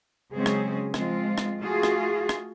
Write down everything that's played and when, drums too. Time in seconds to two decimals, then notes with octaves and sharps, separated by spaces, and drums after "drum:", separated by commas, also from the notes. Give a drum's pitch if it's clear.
0.33 C#3 F#3 G#3 C4 C#4 G#4
0.46 drum: rim click
0.94 F3 G#3 C4 F4, drum: rim click
1.38 drum: rim click
1.61 A3 F4 F#4 G#4
1.83 drum: rim click
2.29 drum: rim click